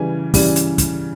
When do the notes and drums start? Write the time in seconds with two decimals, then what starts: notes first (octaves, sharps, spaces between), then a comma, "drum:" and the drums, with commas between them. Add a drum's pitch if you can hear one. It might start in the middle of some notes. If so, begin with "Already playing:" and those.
Already playing: C#3 E3 G3 G#5
0.34 C#3 E3 G3, drum: kick, open hi-hat
0.56 drum: hi-hat
0.78 drum: kick, hi-hat